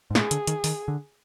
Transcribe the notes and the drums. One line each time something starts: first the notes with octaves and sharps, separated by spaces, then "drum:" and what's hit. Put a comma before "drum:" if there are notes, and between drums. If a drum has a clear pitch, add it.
G#2
A#2 G#4, drum: snare
D3, drum: hi-hat
D#3, drum: hi-hat
D#3, drum: open hi-hat
D3